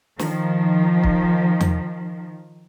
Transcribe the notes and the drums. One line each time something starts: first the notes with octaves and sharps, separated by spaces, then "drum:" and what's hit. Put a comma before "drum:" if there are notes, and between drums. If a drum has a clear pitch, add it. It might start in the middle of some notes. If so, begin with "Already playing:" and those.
D#3 F3, drum: snare
drum: kick
drum: tom E2